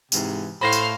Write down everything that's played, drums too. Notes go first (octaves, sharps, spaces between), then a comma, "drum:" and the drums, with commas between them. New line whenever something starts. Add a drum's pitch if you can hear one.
G#2 C3 E3, drum: tambourine
A2 C5 F5 B5 A#6 C7
drum: tambourine